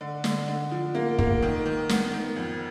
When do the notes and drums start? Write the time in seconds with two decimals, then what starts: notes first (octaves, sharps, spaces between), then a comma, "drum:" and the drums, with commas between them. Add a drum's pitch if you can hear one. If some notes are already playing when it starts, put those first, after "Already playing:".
0.01 D3
0.24 D3, drum: snare
0.48 D3
0.71 F3
0.95 A#3
1.19 A#3, drum: kick
1.42 D#3
1.66 D#3
1.89 B3, drum: snare
2.13 D#3
2.36 F2